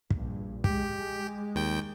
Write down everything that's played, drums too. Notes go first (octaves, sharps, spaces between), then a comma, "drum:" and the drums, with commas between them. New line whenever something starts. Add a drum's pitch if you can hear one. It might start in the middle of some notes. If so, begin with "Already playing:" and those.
A#1 G2, drum: kick
G#3 G4, drum: kick
D#2 G5